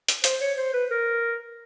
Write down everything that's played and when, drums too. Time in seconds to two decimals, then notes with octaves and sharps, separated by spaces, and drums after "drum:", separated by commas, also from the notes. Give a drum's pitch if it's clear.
0.09 drum: hi-hat
0.24 C5, drum: hi-hat
0.41 C#5
0.57 C5
0.73 B4
0.91 A#4